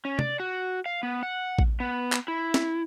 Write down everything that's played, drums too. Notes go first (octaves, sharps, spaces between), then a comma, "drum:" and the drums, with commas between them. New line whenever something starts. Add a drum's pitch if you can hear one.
C#4
D5, drum: tom
F#4
F5
B3
F#5
drum: kick A1
B3
drum: clap
E4
drum: snare